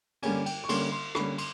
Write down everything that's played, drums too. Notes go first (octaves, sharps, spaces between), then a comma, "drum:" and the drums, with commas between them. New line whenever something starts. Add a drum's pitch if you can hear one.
D3 G3 A#3 C#4 G#5, drum: cymbal
G5, drum: cymbal
C#6
D3 G3 A#3 C#4 C6, drum: cymbal
C6
D3 G3 A#3 C#4 B5, drum: rim click
C6, drum: cymbal